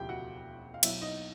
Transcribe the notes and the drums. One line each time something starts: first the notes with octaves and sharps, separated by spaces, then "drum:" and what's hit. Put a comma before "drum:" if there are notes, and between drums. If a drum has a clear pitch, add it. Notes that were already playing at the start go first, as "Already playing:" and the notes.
Already playing: E1 D2 C#3 F3 G4 G5
F#4 F#5
F5
B1 B2 F#3 E4 E5, drum: cymbal
D#4 D#5